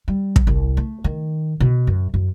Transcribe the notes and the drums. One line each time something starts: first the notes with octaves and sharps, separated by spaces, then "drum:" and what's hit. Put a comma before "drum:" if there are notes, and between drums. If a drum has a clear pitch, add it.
G3
drum: kick
C2
A3
D#3
B2
F#2
F#2